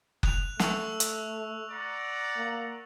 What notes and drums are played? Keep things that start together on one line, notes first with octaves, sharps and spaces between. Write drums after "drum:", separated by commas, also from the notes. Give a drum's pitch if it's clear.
F#6 F7, drum: kick F#1
A3 C#6 E6 F7, drum: snare
drum: hi-hat
D5 F#5 A#5
A#3